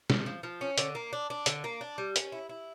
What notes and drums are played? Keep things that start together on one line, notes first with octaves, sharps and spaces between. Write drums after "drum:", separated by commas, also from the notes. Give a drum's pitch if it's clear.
F3, drum: snare
F3
F3
C#4
D3, drum: hi-hat
A#3
D4
D4
D3, drum: hi-hat
A#3
D4
G3
C#4, drum: hi-hat
E4
E4